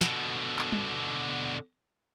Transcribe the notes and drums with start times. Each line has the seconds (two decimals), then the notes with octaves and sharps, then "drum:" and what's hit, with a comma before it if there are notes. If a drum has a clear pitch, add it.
0.01 B2 D3, drum: snare
0.59 drum: clap
0.72 drum: tom